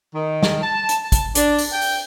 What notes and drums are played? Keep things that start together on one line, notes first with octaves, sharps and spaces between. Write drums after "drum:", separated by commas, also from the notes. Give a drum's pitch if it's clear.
D#3
drum: snare
A5
drum: hi-hat
A5
drum: kick, hi-hat
D4, drum: hi-hat
drum: open hi-hat
G5
drum: open hi-hat